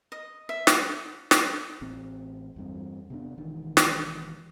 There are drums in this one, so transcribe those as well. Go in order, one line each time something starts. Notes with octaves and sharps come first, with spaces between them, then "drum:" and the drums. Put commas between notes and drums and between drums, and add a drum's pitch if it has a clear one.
D#5
E5
F#5, drum: snare
drum: snare
A1 A2 C4
E2 G2 C4
C3 B3 D4
E1 D#3 E3
drum: snare